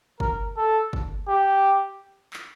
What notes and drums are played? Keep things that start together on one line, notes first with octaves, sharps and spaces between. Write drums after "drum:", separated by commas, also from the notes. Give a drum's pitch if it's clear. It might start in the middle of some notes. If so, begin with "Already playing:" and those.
A#4, drum: kick
A4
drum: kick
G4
drum: clap